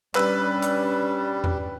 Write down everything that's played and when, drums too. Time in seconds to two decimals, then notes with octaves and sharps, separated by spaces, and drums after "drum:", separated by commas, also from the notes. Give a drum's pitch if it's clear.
0.15 G3 C#4 D4 B4 E6, drum: clap
0.62 drum: hi-hat
1.44 drum: tom E2